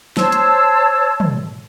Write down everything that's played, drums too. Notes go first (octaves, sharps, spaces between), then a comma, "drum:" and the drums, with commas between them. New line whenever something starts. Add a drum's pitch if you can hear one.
C5 C#5 A5 E6, drum: snare
drum: hi-hat
drum: tom